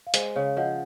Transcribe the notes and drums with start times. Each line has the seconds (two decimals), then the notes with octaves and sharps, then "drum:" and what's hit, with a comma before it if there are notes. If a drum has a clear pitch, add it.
0.07 F5
0.14 G#3 C5 D#5, drum: hi-hat
0.36 C#3 C#5 F5
0.57 F3 D#5 F#5